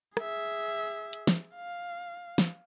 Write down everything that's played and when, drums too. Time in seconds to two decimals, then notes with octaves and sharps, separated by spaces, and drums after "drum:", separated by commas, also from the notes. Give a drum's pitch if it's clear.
0.17 G#4 E5, drum: rim click
1.13 drum: hi-hat
1.27 drum: snare
1.55 F5
2.38 drum: snare